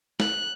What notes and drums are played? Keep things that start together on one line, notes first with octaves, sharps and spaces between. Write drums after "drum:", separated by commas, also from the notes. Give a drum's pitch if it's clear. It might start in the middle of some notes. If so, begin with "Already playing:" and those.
F#6, drum: snare